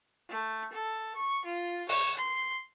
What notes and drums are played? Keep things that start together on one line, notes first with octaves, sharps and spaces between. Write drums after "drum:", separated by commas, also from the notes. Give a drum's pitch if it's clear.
A3
A4
C#6
F4
C#5, drum: open hi-hat
C6